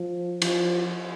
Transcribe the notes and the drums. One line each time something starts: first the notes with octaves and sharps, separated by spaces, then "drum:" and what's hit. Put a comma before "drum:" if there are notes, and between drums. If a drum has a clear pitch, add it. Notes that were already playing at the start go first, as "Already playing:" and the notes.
Already playing: F3
F3, drum: cymbal